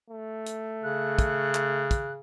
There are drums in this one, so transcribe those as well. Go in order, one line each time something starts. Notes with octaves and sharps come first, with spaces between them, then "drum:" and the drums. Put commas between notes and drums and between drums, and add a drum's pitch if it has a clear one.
A3
drum: hi-hat
C#3 F#6
drum: kick, hi-hat
drum: clap
drum: kick, hi-hat